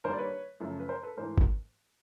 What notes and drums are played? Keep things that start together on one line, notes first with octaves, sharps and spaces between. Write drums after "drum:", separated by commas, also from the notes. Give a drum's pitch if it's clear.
G2 D#3 G3 A#3 A#4 C5
D5
B4 C#5
F#2 C#3 F3 A3
B4
A#4 C5
A4 B4
G#2 E3 A3 A#4 C5
drum: kick G1